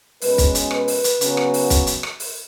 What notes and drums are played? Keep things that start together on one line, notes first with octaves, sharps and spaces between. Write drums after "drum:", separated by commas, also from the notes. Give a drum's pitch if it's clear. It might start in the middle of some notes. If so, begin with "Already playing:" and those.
B2 G#3 C#4 B4, drum: open hi-hat
drum: kick, hi-hat
drum: hi-hat
B4, drum: rim click
drum: open hi-hat
drum: hi-hat
C#3 F#3 B3, drum: hi-hat
drum: rim click
drum: open hi-hat
drum: kick, hi-hat
drum: hi-hat
drum: rim click
drum: open hi-hat